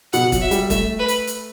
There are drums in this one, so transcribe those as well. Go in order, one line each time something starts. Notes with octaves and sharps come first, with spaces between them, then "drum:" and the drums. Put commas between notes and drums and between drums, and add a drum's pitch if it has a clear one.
B2 F#5, drum: hi-hat
F#3, drum: kick, hi-hat
E5
G3, drum: hi-hat
A3 E5, drum: kick, hi-hat
B4
drum: hi-hat
drum: hi-hat